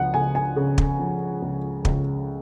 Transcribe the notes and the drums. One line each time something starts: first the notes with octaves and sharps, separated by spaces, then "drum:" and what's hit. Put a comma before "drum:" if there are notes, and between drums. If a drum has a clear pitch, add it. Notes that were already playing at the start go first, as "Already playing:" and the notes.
Already playing: C#2 F3 F#5
C#2 G#5
G#5
C#3
drum: kick
F3
C#2
C#2, drum: kick